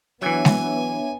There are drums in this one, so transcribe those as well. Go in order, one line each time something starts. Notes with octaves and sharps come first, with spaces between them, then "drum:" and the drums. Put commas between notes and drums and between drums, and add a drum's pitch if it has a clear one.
E3 F#3 B3 D4 C#5 E5 G#5
drum: snare G#3